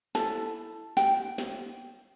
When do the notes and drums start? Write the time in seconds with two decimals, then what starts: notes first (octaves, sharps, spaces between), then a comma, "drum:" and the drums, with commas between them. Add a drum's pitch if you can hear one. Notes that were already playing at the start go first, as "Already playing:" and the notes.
0.15 E4 A4 A5, drum: snare
0.97 G5, drum: snare
1.38 drum: snare